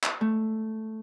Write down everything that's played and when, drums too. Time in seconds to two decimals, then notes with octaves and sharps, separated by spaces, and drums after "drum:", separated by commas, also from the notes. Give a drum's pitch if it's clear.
0.04 drum: clap
0.21 A3